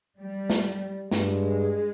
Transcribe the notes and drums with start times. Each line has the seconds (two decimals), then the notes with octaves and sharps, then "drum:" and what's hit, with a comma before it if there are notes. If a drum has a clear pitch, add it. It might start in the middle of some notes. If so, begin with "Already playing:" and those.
0.19 G3
0.50 drum: snare
1.11 G2 G#3, drum: snare